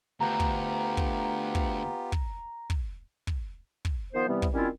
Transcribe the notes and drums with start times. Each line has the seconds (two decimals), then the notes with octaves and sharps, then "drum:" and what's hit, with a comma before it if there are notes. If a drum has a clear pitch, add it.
0.20 D2 B3 F4 G4 A#5
0.40 drum: kick
0.97 drum: kick
1.55 drum: kick
2.12 drum: kick
2.70 drum: kick
3.27 drum: kick
3.85 drum: kick
4.13 D#3 F3 B3 C5
4.28 C3 E3 G3 B3
4.42 drum: kick
4.53 D#3 G3 C4 C#4 E4 F4